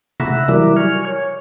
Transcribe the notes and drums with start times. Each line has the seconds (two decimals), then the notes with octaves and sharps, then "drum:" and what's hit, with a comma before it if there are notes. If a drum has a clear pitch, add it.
0.20 E5 F#5 A#5 B5 E6, drum: tom C3
0.48 E3 F#3 G3 E4 A#4 D5, drum: tom C3
0.77 G#5 C#6 F6
1.06 C#5